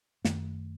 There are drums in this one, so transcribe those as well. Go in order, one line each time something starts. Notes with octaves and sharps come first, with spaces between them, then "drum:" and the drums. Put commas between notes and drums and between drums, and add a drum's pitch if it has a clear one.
F#2 D#3 A3, drum: snare